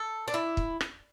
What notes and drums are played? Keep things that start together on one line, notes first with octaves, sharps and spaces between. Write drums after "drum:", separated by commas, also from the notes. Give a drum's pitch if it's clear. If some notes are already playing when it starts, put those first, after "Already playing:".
Already playing: A4
D4
E4
drum: kick
drum: rim click